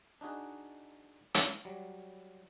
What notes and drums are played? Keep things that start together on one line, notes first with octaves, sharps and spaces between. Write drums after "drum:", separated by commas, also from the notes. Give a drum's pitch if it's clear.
D4 D#4 F#4 G#4
drum: hi-hat
F#3 G3